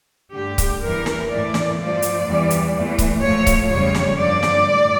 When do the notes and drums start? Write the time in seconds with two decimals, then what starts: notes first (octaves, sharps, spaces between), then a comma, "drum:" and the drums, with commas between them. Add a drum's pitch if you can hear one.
0.34 G2 D3 A3 G4
0.58 drum: kick C#1, hi-hat
0.82 E2 E3 G3 A#4
1.06 drum: snare
1.30 A2 E3 A3 D5
1.54 drum: snare
1.79 G2 F3 A3 D5
2.02 drum: hi-hat
2.26 E2 E3 G3
2.50 drum: hi-hat
2.74 E2 E3 A3
2.98 drum: kick C#1, hi-hat
3.23 A2 F3 A3 C#5
3.47 drum: kick C#1, hi-hat
3.70 F2 C#3 G3 C#5
3.95 drum: snare
4.18 G2 D3 F3 D5
4.43 drum: snare
4.66 A2 G3